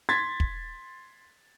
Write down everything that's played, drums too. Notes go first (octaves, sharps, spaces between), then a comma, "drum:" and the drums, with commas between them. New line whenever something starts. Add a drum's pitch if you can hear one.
C6 G#6 A6 B6
drum: kick